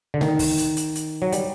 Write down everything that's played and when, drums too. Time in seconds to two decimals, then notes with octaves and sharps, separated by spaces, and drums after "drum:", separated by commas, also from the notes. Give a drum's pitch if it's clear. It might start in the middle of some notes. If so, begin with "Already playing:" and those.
0.14 D3
0.21 D#3, drum: snare
0.39 drum: kick, open hi-hat
0.58 drum: hi-hat
0.77 drum: hi-hat
0.95 drum: hi-hat
1.22 F#3
1.32 G3, drum: hi-hat